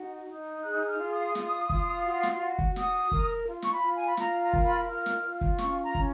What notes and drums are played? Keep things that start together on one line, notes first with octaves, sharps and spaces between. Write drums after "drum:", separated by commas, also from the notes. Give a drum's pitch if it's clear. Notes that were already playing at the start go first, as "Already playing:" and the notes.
Already playing: D#4 F#4
D#4
G#4 F#6
F6
F4
D#6
F4, drum: snare
F4, drum: kick
F#4
drum: snare
F#4
drum: kick
F#4 D#6, drum: snare
A#4, drum: kick
F4
C#6, drum: snare
B5
F4
G#5
B5
F4 A#5, drum: snare
A#5
A#4, drum: kick
B5
F4 F6
drum: snare
F4
drum: kick
C#4 C#6, drum: snare
A#5
C#4, drum: kick